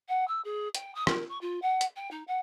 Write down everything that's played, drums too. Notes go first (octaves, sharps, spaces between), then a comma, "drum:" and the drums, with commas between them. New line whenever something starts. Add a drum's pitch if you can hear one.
F#5
E6
G#4
G5, drum: hi-hat
D#6
A#4, drum: rim click
C#6
F4
F#5
drum: hi-hat
G5
D#4
F#5